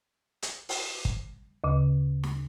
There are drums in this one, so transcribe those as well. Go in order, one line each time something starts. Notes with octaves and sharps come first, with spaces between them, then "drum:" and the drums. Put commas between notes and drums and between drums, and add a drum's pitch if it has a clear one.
drum: hi-hat
drum: open hi-hat
drum: kick
D2 C#3
drum: snare